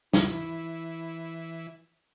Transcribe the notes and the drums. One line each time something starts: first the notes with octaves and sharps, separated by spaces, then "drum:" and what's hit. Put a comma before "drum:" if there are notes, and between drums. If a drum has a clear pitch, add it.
E3 E4, drum: snare